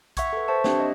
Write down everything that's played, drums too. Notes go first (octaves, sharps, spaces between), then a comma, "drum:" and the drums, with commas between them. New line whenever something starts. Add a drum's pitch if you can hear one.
E5 F#5 C#6 G#6, drum: kick B1, hi-hat
A4 B4
C5 E5 A5 C#6
C4 D4 G4 E5, drum: snare
D#5